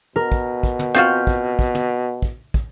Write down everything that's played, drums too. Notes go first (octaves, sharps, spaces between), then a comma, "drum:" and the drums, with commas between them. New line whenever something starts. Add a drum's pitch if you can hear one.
B2 A#4
drum: kick
drum: kick
drum: tom
C4 F4 F#4 F6 G6
drum: kick
drum: kick
drum: tom
drum: kick
drum: kick